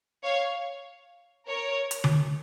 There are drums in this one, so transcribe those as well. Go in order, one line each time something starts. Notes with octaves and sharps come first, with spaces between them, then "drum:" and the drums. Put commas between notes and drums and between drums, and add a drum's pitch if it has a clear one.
C#5 F5
A#4 C#5
drum: hi-hat
drum: tom D3